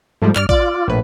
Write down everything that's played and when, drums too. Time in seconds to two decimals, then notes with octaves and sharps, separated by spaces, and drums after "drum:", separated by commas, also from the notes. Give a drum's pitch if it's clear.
0.22 G#2 F3 G3 A3
0.36 G2 D5 F6, drum: clap
0.49 F4 D5, drum: kick
0.88 A#1 A2 B4